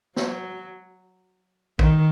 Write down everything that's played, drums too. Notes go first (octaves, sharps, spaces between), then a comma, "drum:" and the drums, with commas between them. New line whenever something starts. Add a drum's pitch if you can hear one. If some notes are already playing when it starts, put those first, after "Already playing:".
F#3, drum: snare
D#3, drum: kick